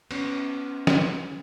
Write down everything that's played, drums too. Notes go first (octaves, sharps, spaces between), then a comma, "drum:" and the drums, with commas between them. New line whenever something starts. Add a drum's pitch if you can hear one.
B3 C#4, drum: cymbal
drum: snare